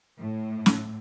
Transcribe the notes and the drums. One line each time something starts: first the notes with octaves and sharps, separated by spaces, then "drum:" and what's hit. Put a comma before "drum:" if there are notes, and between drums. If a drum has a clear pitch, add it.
A2
drum: snare